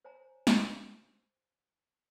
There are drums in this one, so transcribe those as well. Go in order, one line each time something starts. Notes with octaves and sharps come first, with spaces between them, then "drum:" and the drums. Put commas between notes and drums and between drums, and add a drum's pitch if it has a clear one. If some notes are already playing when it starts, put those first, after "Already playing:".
C5 C#5 G#5 A#5
drum: snare